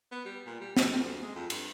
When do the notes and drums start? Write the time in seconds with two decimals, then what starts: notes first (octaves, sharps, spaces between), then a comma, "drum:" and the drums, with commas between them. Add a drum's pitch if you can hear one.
0.11 B3
0.25 G3
0.46 A#2
0.60 G3
0.77 B2, drum: snare
0.92 F2
1.05 D2
1.22 G#3
1.35 F2
1.50 G2, drum: cymbal